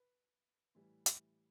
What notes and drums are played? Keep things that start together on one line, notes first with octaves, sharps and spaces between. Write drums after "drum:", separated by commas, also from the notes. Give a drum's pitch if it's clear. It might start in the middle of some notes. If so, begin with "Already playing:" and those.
Already playing: B4
A2 E3 G3
drum: hi-hat